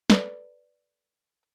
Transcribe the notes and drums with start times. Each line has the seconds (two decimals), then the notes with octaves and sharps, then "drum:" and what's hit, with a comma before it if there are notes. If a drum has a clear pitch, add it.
0.10 A4 B4 D5, drum: snare